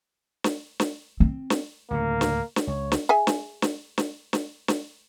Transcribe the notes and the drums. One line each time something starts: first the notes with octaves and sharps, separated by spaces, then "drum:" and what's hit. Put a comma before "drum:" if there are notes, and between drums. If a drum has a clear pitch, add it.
drum: snare
drum: snare
C4
drum: snare
D2 A2 C#3 A#3
drum: snare
drum: snare
C#2 C#5
drum: snare
G#4 E5 G#5
drum: snare
drum: snare
drum: snare
drum: snare
drum: snare